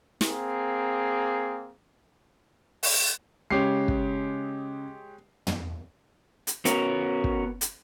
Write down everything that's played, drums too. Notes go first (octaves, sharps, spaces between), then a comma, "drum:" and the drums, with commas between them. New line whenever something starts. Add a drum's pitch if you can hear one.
A#3 C4 G#4, drum: snare
drum: open hi-hat
C#3 G#3 G4 C#5 C7
drum: kick
drum: tom
drum: hi-hat
B3 C#4 F#4 A#4, drum: hi-hat
drum: kick
drum: hi-hat